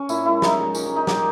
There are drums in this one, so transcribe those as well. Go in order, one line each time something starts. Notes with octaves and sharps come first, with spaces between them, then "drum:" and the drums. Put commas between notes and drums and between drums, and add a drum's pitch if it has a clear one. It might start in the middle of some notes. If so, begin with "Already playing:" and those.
Already playing: C#4
A#2 E4, drum: tambourine
G#3 E4
A#2 D#4, drum: snare
G#3
A#2 C#4, drum: tambourine
C#4
G3 D#4
A#2 G4, drum: snare